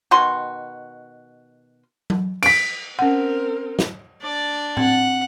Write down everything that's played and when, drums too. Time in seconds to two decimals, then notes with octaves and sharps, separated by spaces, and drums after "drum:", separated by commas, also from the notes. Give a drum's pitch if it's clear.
0.11 B2 D#3 F#4 C6
2.10 drum: tom F#3
2.43 B6 D7, drum: cymbal
2.99 C4 C#4 A#4 F#5
3.79 drum: snare
4.21 D4 D5
4.77 C4 F#5, drum: tom A2